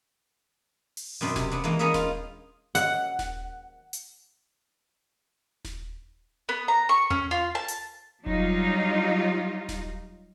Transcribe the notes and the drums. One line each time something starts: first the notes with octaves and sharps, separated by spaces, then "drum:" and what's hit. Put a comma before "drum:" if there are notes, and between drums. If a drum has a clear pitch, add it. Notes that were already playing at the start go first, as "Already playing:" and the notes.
drum: open hi-hat
F#2 B2 C4 D4
C3, drum: snare D#1
B3 D4
E3 G#3 A#3
B3 C#4 D#4 G#4 D#5 E5
F4, drum: snare D#1
F#5, drum: hi-hat
drum: snare D#1
drum: hi-hat
drum: snare D#1
B3
A#5
C#6
C#4, drum: tom E2
F4
A5
drum: hi-hat
F#3 G3 D#4 F4, drum: kick F1
drum: snare D#1